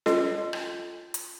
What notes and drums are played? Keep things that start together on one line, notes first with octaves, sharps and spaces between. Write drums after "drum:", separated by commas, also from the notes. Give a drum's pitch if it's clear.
F4 A4 D#5, drum: snare C#4
drum: rim click
drum: hi-hat